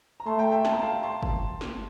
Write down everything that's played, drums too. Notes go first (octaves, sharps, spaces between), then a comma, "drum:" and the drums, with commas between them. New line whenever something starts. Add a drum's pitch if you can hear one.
A#5
A3 A5 C6
G5 A#5
E5 G5
A5, drum: snare
A#5
F5 A5
A5 C6
drum: kick
drum: snare